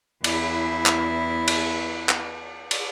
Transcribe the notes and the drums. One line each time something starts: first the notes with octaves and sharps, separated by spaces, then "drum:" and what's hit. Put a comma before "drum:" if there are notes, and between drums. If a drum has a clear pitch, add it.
E2 E4, drum: cymbal
drum: clap
drum: cymbal
drum: clap
drum: cymbal